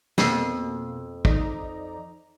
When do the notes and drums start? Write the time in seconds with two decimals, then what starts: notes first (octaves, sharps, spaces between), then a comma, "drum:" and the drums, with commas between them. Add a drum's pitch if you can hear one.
0.18 F2 B2 A#3, drum: snare
1.25 D#4 D5 A#5, drum: kick